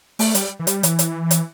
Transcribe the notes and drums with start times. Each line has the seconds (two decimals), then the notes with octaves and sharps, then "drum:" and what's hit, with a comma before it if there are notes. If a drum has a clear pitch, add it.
0.19 A3, drum: open hi-hat
0.35 G3, drum: hi-hat
0.59 E3
0.67 G3, drum: hi-hat
0.83 E3, drum: hi-hat
0.99 drum: hi-hat
1.31 drum: hi-hat